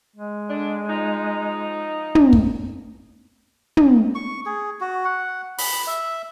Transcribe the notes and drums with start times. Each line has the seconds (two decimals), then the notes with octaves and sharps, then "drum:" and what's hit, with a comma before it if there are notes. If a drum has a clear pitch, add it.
0.16 G#3
0.49 D3 D4
0.89 F3 D#4
2.15 drum: tom
2.33 drum: kick
3.77 drum: tom
4.15 C#6
4.46 G#4
4.80 F#4
5.05 F#5
5.58 B5, drum: open hi-hat
5.87 E5